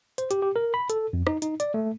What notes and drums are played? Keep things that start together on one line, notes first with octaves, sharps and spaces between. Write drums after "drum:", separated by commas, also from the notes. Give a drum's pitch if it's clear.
C5, drum: hi-hat
G4, drum: hi-hat
G4
A#4
B5
A4, drum: hi-hat
F2
D#4, drum: rim click
D#4, drum: hi-hat
D5, drum: hi-hat
A3